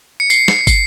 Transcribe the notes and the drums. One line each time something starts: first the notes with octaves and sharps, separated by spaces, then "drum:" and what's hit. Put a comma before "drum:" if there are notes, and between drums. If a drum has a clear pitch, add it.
C#7
C7, drum: tambourine
drum: snare
C7, drum: kick, tambourine